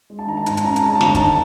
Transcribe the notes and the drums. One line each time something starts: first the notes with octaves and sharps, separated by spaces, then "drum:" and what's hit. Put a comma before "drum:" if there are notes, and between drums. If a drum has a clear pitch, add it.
G#3
A5
D#3 A#5
A5
G#2 A#5, drum: hi-hat
A5, drum: hi-hat
C#4 A#5
A5, drum: hi-hat
G#3 A#5
A5
G1, drum: snare
A#5
A5, drum: kick, hi-hat
D#3